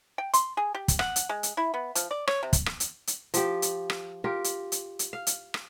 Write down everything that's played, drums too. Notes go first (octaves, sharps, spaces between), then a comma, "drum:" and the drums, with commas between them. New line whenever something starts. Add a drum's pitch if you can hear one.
G5
C6, drum: hi-hat
G#4
G4
drum: kick, hi-hat
F#5, drum: rim click
drum: hi-hat
G#3
drum: hi-hat
E4
B3
F3, drum: hi-hat
D5
C#5, drum: rim click
C3
drum: kick, hi-hat
drum: rim click
drum: hi-hat
drum: hi-hat
F3 G4, drum: hi-hat
drum: hi-hat
drum: rim click
F4 G4 A#4
drum: hi-hat
drum: hi-hat
drum: hi-hat
F5
drum: hi-hat
drum: rim click